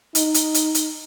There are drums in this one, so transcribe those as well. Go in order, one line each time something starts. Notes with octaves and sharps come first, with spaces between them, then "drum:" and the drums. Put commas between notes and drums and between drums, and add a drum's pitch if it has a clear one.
D#4, drum: hi-hat
drum: hi-hat
drum: hi-hat
drum: hi-hat